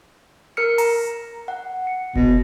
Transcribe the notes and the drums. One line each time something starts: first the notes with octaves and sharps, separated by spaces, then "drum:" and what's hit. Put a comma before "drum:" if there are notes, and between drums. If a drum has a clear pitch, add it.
A#4 F6 C#7
A#5, drum: open hi-hat
F#5
C#7
B2, drum: kick F1